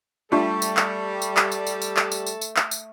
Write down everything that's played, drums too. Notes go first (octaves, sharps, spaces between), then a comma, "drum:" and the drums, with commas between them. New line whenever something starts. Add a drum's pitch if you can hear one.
G3 A3 D4 F4 A4
drum: tambourine
drum: clap
drum: tambourine
drum: clap
drum: tambourine
drum: tambourine
drum: tambourine
drum: clap
drum: tambourine
drum: tambourine
drum: tambourine
drum: clap
drum: tambourine